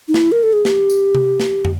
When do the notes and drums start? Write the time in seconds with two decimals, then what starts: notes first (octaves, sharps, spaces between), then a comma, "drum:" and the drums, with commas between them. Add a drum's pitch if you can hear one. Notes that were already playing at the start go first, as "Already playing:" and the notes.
0.08 D#4
0.14 E4, drum: snare
0.32 A#4
0.43 A4
0.53 G#4
0.65 G4, drum: snare
0.90 drum: tambourine
1.15 drum: tom C3
1.40 drum: snare
1.65 drum: tom